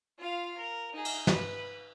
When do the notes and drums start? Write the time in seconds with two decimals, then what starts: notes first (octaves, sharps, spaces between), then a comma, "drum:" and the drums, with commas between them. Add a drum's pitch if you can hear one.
0.19 F4 F5
0.57 A#4
0.94 D#4 G#4
1.05 drum: cymbal
1.27 B4, drum: snare